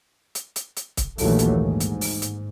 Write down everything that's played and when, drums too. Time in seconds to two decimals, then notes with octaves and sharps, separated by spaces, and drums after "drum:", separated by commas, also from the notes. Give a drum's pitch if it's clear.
0.35 drum: hi-hat
0.56 drum: hi-hat
0.77 drum: hi-hat
0.97 drum: kick, hi-hat
1.18 A#1 D#2 A#2 E3 F#3 A3, drum: open hi-hat
1.39 drum: hi-hat
1.54 G#2
1.80 drum: hi-hat
2.01 drum: open hi-hat
2.22 drum: hi-hat